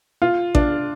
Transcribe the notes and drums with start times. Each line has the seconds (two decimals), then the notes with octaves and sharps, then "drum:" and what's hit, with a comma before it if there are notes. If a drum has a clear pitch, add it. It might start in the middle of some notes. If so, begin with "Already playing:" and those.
0.22 F4
0.55 D4, drum: kick A1